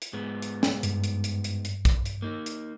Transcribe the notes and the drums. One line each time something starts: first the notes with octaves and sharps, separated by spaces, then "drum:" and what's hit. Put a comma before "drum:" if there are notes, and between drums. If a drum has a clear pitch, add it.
drum: hi-hat
G#2 G#3 B3
drum: hi-hat
drum: snare
G2, drum: hi-hat
drum: hi-hat
drum: hi-hat
drum: hi-hat
drum: hi-hat
drum: kick, hi-hat
drum: hi-hat
A#3 D#4
drum: hi-hat